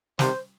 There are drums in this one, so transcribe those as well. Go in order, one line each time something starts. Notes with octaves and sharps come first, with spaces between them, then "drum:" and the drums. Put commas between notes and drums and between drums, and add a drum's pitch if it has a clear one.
C3 D#3 G3 C5, drum: snare